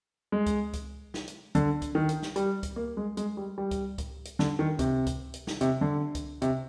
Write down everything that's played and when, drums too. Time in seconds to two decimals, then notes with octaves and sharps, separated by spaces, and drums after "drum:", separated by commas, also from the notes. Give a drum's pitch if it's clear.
0.32 G#3
0.46 drum: kick C#2, hi-hat
0.73 drum: kick C#2, hi-hat
1.14 drum: snare
1.28 drum: hi-hat
1.55 D3, drum: kick C#2, hi-hat
1.82 drum: kick C#2, hi-hat
1.95 D#3
2.09 drum: hi-hat
2.22 drum: snare
2.36 G3, drum: hi-hat
2.63 drum: kick C#2, hi-hat
2.76 A#3
2.97 G#3
3.17 G#3, drum: hi-hat
3.37 G3
3.58 G3
3.71 drum: kick C#2, hi-hat
3.98 drum: kick C#2, hi-hat
4.25 drum: hi-hat
4.39 D3, drum: snare
4.59 D#3
4.79 C3, drum: kick C#2, hi-hat
5.07 drum: kick C#2, hi-hat
5.34 drum: hi-hat
5.47 drum: snare
5.61 C3, drum: hi-hat
5.81 D3
6.15 drum: kick C#2, hi-hat
6.42 C3, drum: hi-hat